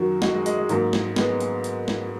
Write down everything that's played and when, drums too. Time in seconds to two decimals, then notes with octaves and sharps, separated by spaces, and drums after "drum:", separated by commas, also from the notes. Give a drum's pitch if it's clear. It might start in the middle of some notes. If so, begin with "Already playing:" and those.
Already playing: F#2 D#3 F#3 F#4 A#4
0.22 D#4 F#4, drum: snare
0.34 G#3
0.46 G#3, drum: hi-hat
0.58 G#3
0.69 G#2 F#3 A#3, drum: hi-hat
0.93 drum: snare
1.16 G#3 B3, drum: snare
1.40 drum: hi-hat
1.64 drum: hi-hat
1.88 drum: snare